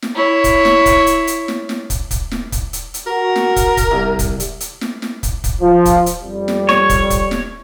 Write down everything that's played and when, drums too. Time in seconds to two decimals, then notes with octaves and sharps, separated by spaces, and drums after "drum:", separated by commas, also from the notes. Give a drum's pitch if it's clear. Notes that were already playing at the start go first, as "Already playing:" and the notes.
0.02 drum: snare
0.15 E4 C#5
0.44 drum: kick, hi-hat
0.65 drum: snare
0.86 drum: kick, hi-hat
1.07 drum: hi-hat
1.27 drum: hi-hat
1.48 drum: snare
1.69 drum: snare
1.90 drum: kick, hi-hat
2.11 drum: kick, hi-hat
2.31 drum: snare
2.52 drum: kick, hi-hat
2.73 drum: hi-hat
2.94 drum: hi-hat
3.07 F#4 A#4
3.36 drum: snare
3.56 drum: kick, hi-hat
3.77 drum: kick, hi-hat
3.91 C2
4.19 drum: kick, hi-hat
4.40 drum: hi-hat
4.60 drum: hi-hat
4.81 drum: snare
5.02 drum: snare
5.23 drum: kick, hi-hat
5.44 drum: kick, hi-hat
5.60 F3
5.85 drum: kick, hi-hat
6.06 drum: hi-hat
6.21 F2 G3
6.48 drum: snare
6.69 C#5, drum: snare
6.90 drum: kick, hi-hat
7.10 drum: kick, hi-hat
7.31 drum: snare